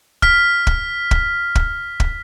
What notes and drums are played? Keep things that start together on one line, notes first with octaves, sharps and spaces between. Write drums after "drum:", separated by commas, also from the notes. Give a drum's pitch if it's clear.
F6 B6, drum: kick
drum: kick
drum: kick
drum: kick
drum: kick